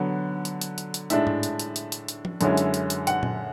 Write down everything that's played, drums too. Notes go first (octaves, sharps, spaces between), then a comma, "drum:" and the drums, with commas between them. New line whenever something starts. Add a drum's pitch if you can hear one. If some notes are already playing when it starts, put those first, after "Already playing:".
Already playing: D3 F#3 B3
drum: hi-hat
drum: hi-hat
drum: hi-hat
drum: hi-hat
A2 G#3 D4 E5, drum: hi-hat
drum: tom G#2
drum: hi-hat
drum: hi-hat
drum: hi-hat
drum: hi-hat
drum: hi-hat
drum: tom F3
F#2 D3 G#3 C#4 E4, drum: hi-hat
drum: hi-hat
drum: hi-hat
drum: hi-hat
F#5, drum: hi-hat
drum: tom A#2